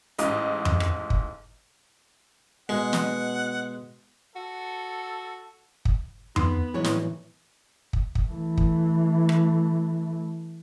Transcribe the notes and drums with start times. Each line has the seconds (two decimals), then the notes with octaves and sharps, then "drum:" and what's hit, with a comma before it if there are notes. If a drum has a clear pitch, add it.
0.18 A1 G#2 D#5, drum: hi-hat
0.65 drum: tom F2
0.80 drum: rim click
1.10 drum: kick
2.69 B2 G#3 F#5
2.93 drum: snare
4.36 F#4 A4
5.85 drum: kick
6.36 B3 D#4, drum: tom F2
6.74 A2 E3 F#3 G#3 C#5
6.84 drum: snare
7.93 drum: kick
8.15 drum: kick
8.29 E3 A3
8.58 drum: kick
9.29 drum: rim click